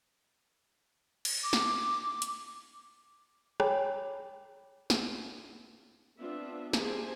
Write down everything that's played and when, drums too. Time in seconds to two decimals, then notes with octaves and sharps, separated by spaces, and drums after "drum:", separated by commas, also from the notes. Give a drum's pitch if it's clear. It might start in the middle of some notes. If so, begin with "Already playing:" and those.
1.25 drum: cymbal
1.43 D6
1.53 drum: snare
2.22 drum: hi-hat
3.60 C#5 G5 G#5 B5 D6, drum: rim click
4.90 drum: snare
6.20 B3 C4 D4 F4 E5
6.73 A#3 G4 G#4 C5 G#5 A5, drum: snare